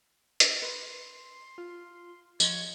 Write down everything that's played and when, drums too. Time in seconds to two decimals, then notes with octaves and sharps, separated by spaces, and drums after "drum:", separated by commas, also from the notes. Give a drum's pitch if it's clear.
0.40 drum: hi-hat
0.62 B4 C6
1.58 F4
2.40 F3 F4 C#5 D#5, drum: tambourine